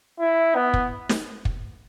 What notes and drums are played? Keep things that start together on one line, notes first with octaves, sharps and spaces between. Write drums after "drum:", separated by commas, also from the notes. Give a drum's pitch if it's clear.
E4
B3
drum: kick
drum: snare
drum: kick